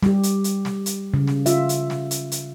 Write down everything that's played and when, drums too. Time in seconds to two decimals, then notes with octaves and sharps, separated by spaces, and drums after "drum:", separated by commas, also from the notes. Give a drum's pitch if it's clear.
0.03 G3 G4, drum: snare
0.23 drum: hi-hat
0.44 drum: hi-hat
0.65 drum: snare
0.86 drum: hi-hat
1.14 C#3
1.27 drum: snare
1.46 F4 E5, drum: hi-hat
1.69 drum: hi-hat
1.90 drum: snare
2.11 drum: hi-hat
2.32 drum: hi-hat